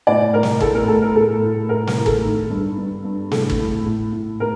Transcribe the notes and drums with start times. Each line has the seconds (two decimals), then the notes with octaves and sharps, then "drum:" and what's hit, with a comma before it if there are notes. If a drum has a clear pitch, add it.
0.07 A2 D5
0.34 A2 A#4
0.43 drum: snare
0.60 A2 A4, drum: kick
0.75 A#4
0.88 A2 A4
1.02 A#4
1.15 A2 A4
1.42 A2
1.69 A2 A#4
1.87 A#4, drum: snare
1.96 A2
2.06 A4, drum: kick
2.23 D#3
2.50 G2
2.78 G2
3.04 G2
3.31 A2 A4, drum: snare
3.50 drum: kick
3.59 A2
3.86 A2
4.13 A2
4.40 A#4